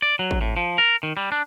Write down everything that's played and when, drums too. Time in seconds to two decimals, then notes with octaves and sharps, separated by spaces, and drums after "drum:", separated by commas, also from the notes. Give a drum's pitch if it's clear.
0.02 D5
0.19 F#3
0.31 drum: kick G#1
0.41 A2
0.57 F3
0.78 A#4
1.03 D#3
1.17 G3
1.32 D4